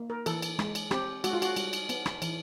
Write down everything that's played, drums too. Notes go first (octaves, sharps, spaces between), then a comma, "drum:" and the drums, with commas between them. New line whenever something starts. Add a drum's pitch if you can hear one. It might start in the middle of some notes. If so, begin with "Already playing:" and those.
Already playing: A#3
A#4
E3 A4, drum: cymbal
drum: cymbal
G#3, drum: rim click
drum: cymbal
C4 G4, drum: rim click
G#3 F#4, drum: cymbal
F4
F#4, drum: cymbal
G3, drum: cymbal
drum: cymbal
B3, drum: cymbal
drum: rim click
E3, drum: cymbal